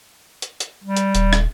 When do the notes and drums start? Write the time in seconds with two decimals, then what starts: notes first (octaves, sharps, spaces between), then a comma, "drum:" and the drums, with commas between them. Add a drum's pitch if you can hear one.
0.42 drum: hi-hat
0.60 drum: hi-hat
0.84 G3
0.97 drum: hi-hat
1.15 D#1, drum: hi-hat
1.33 drum: rim click